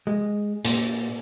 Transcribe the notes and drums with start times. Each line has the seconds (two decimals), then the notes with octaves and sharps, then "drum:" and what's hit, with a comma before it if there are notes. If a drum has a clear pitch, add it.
0.07 G#3
0.65 A#2, drum: hi-hat